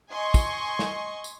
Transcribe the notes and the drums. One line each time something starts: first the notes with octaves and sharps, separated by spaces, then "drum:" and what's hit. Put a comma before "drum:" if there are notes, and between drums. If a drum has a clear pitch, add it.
D#5 G#5 C6 C#6
drum: kick, tambourine
drum: snare
drum: tambourine